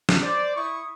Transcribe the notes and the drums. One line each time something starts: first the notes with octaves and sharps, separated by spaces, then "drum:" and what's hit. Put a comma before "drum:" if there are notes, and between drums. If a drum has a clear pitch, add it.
drum: snare
C5 D5
E4 C#6 D#6